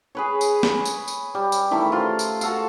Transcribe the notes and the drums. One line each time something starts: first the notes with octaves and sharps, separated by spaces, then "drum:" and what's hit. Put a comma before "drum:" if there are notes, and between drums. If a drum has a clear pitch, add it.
G#4 B4 C#5
drum: tambourine
drum: snare
drum: tambourine
drum: tambourine
G3
drum: tambourine
D#3 E3 A3 E4
F4 C5 C6
drum: tambourine
F#4 A4 F5, drum: tambourine